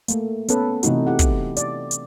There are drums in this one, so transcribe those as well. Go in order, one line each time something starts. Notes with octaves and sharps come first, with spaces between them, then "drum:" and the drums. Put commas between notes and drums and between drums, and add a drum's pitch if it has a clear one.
A3 A#3, drum: hi-hat
B3 C#4 A4 B4, drum: hi-hat
C3 E3 A3 D#4 F#4, drum: hi-hat
E4 G4 F#5
drum: kick, hi-hat
D5, drum: hi-hat
drum: hi-hat